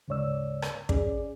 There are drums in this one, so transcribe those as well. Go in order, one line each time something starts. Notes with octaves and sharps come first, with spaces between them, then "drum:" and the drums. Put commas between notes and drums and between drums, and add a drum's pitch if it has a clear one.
D2 G#2 C#3 C#5 D5 E6
drum: rim click
C#4 G#4 D5, drum: kick